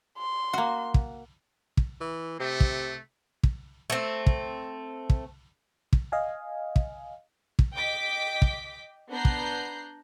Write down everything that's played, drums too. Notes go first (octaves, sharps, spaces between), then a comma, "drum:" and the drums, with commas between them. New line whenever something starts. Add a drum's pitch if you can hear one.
C6
A#3 F#4
drum: kick
drum: kick
E3
C3 A3
drum: kick
drum: kick
A3 C4
drum: kick
drum: kick
drum: kick
D#5 F5 G#5
drum: kick
drum: kick
D#5 G5 D6 B6
drum: kick
B3 D4 A#5 F#6 G6 C7
drum: kick